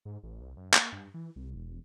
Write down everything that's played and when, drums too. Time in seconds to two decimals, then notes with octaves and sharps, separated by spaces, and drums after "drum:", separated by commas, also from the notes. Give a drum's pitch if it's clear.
0.05 G#2
0.23 A1
0.41 C2
0.57 F#2
0.74 A#3, drum: clap
0.92 G2
1.14 E3
1.36 C2
1.55 E1